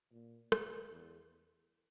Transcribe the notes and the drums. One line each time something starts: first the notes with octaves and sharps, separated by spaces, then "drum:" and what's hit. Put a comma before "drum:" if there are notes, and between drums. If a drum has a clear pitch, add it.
A#2
drum: rim click
E2